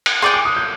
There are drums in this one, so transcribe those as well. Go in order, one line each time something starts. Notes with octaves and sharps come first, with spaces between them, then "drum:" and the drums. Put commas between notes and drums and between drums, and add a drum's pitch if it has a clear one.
drum: cymbal
G#4 D5 G5 C6
D6
D#6
G6